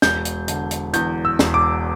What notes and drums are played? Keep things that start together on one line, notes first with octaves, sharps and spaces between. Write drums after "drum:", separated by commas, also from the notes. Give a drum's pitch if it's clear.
E1 G6, drum: snare
drum: hi-hat
D3, drum: hi-hat
drum: hi-hat
E2 G6, drum: hi-hat
E6
E1, drum: snare
D6